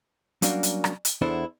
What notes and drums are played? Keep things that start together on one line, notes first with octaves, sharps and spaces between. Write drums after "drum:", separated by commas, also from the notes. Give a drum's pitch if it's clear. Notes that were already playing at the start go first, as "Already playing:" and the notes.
F#3 G3 A#3 C#4 D4 F#4, drum: hi-hat
drum: hi-hat
drum: rim click
drum: hi-hat
E2 B3 D4 E4 A4 C5